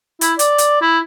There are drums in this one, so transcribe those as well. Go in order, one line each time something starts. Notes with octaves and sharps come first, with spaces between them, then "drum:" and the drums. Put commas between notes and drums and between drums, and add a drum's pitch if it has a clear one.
E4, drum: hi-hat
D5, drum: hi-hat
drum: hi-hat
E4